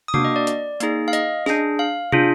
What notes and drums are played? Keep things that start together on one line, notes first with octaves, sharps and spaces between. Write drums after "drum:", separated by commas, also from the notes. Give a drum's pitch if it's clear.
D#6
A#3 D4 F#4 D6, drum: tom C3
D#5
D5
drum: hi-hat
A#3 D#4 G#4, drum: hi-hat
F5
D#5, drum: hi-hat
D4 G#4, drum: snare
F5
D4 F4 G#4, drum: tom